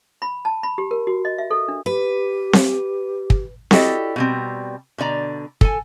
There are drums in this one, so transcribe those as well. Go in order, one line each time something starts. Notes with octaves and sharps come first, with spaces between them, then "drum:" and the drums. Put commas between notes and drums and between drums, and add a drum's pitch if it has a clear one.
B5
A5
B5
G4
A#4
F#4
D#5
E5
A4
D4
G4 B4
drum: snare C4
drum: kick
E4 F#4 G4 A4 D5 D#5, drum: snare C4
B2 G3 C4
B2 D3 D5 A#5
A4 G#5, drum: kick